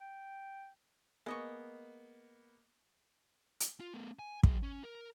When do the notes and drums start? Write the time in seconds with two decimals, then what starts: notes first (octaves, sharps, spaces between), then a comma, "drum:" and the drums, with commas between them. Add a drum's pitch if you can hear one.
0.01 G5
1.26 G#3 A#3 B3 D#5 C#6
3.60 drum: hi-hat
3.80 F4
3.94 A3 B3
4.19 G#5
4.43 F#3 G#4, drum: kick
4.63 C#4
4.84 A#4